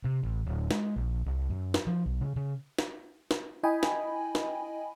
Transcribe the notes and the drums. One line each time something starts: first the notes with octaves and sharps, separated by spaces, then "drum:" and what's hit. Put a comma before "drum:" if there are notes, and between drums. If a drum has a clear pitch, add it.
C3
A1
D1
G#3, drum: snare
A#1
C2
F#2
drum: snare
F3
B1
C#3
C#3
drum: snare
drum: snare
E4 D#5 G5 G#5 B5
drum: snare
drum: snare